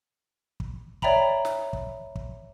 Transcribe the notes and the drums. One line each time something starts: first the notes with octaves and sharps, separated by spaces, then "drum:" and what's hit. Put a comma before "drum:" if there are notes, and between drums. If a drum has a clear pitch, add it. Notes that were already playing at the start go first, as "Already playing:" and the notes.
drum: kick
C#5 D5 E5 G5 A#5 B5, drum: kick
drum: snare
drum: kick
drum: kick